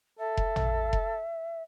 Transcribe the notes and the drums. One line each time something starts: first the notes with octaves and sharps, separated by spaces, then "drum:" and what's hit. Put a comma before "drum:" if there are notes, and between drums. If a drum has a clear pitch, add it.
A4 E5
drum: kick F1
drum: tom
drum: kick F1